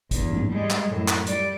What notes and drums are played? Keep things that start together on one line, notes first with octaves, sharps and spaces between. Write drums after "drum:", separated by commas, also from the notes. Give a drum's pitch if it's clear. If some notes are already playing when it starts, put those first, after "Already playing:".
E2 G2, drum: kick G1, hi-hat
drum: tom G#2
G3 G#3
drum: clap
F#2 A2
drum: clap
G3 D5, drum: hi-hat